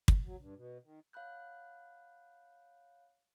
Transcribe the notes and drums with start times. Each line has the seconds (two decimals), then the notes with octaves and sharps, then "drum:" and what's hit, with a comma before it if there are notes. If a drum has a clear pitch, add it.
0.08 drum: kick
0.24 F#3
0.39 G2
0.56 B2
0.84 D#3
1.13 C#5 F5 F#5 B5 F#6 G6